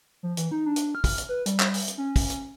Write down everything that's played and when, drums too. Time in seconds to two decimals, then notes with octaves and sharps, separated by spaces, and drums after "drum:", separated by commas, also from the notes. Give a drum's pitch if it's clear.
0.23 F3
0.37 E3, drum: hi-hat
0.51 D#4
0.66 D4
0.76 drum: hi-hat
0.95 F6
1.04 drum: kick, open hi-hat
1.18 drum: hi-hat
1.29 B4
1.46 G3, drum: hi-hat
1.60 drum: clap
1.74 drum: open hi-hat
1.88 drum: hi-hat
1.98 C#4
2.16 drum: kick, open hi-hat
2.30 drum: hi-hat